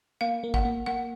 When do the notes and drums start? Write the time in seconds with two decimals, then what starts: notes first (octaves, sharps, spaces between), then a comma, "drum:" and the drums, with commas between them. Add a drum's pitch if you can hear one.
0.21 A#3 F5
0.44 A#3
0.54 F#5, drum: kick
0.65 A#3
0.86 A#3 F#5